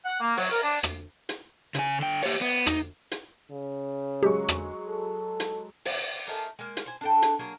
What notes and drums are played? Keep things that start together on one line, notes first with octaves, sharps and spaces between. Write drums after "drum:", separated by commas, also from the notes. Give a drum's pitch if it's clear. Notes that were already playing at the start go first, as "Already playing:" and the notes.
F#5
A#3
F#3, drum: open hi-hat
A#4
D4
drum: rim click
drum: hi-hat
C#3 G#5, drum: hi-hat
D3 G5
G4 C#5, drum: open hi-hat
B3
D#4, drum: rim click
drum: hi-hat
C#3
F#3 G#3 G4 C#6
drum: rim click
A4
drum: hi-hat
drum: open hi-hat
A3 D#4 G#4 A#4
G#3 A#3
drum: hi-hat
C5 G#5
D4 A4 G5
drum: hi-hat
F#3 A#3 G#4